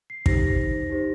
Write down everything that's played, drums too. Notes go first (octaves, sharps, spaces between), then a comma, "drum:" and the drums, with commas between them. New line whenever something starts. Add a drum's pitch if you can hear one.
C7
D#4 G4 C5 A#6, drum: kick
D#4 G4 C5